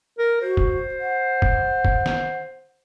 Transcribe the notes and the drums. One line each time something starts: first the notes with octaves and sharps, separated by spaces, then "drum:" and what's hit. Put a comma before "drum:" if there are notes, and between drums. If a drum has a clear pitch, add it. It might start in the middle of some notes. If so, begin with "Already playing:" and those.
A#4
F#4 C5
drum: kick
F#5
drum: kick
drum: kick
drum: snare